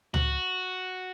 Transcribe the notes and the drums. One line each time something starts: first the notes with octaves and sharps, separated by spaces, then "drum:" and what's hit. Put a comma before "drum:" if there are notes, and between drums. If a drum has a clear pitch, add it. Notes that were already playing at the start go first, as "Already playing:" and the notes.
F#4, drum: tom C#2